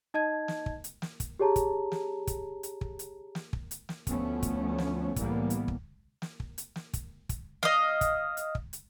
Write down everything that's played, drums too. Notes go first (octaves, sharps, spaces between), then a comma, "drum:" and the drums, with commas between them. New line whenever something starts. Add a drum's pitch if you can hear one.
D#4 D#5 A5 G#6
drum: snare
drum: kick
drum: hi-hat
drum: snare
drum: kick, hi-hat
G4 G#4 C#5 A5 A#5
drum: kick, hi-hat
drum: snare
drum: kick, hi-hat
drum: hi-hat
drum: kick
drum: hi-hat
drum: snare
drum: kick
drum: hi-hat
drum: snare
D2 F3 A3 B3 C#4, drum: kick, hi-hat
drum: kick, hi-hat
drum: snare
C2 A2 E3 G3 A#3 B3, drum: kick, hi-hat
drum: hi-hat
drum: kick
drum: snare
drum: kick
drum: hi-hat
drum: snare
drum: kick, hi-hat
drum: kick, hi-hat
D#5 F5, drum: snare
drum: kick, hi-hat
drum: hi-hat
drum: kick
drum: hi-hat